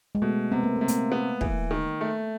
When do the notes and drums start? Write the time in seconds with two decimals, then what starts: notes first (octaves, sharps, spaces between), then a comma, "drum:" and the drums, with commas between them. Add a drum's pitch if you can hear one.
0.15 G#3
0.22 B2 A3
0.52 C3 B3
0.63 A#3
0.76 C3 A3
0.88 A#3, drum: hi-hat
1.12 B3
1.41 E3, drum: kick
1.71 D#3
2.01 A3